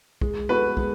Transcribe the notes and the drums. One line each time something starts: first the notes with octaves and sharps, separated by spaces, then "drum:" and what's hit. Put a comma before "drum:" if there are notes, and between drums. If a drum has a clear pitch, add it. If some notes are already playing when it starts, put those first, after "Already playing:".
G#3, drum: kick
B3 F#4 A4 B4
G#3, drum: kick